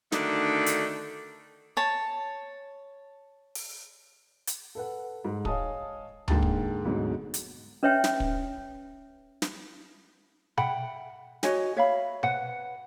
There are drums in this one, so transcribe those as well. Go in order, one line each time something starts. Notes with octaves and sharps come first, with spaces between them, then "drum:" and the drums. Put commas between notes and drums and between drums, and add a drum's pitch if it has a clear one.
D3 D#3 A3 D4 D#4 F#4, drum: snare
drum: hi-hat
C#5 A5
drum: open hi-hat
drum: hi-hat
A4 B4 F#5
G#2
C#5 D#5 F5 G#5 A5 D#6, drum: kick
G#2 D3 A#3 G5 A5 A6, drum: tom D2
drum: kick
D2 G#2 B2 F#3
drum: hi-hat
C#4 B4 C#5 E5 G5
drum: snare
drum: kick
drum: snare
E5 F#5 G5 B5, drum: tom B2
F#4 C#5 D#5 G#5, drum: snare
C#5 E5 F5 B5
B4 C5 F#5, drum: tom B2